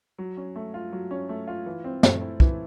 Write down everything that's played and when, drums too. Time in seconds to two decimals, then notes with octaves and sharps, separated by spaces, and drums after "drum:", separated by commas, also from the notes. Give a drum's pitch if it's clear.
0.18 F#3
0.37 C#4
0.56 A3
0.74 F4
0.93 F#3
1.11 C#4
1.29 A3
1.47 F4
1.66 E3
1.84 C4
2.03 A3, drum: snare
2.21 E4
2.40 E3, drum: kick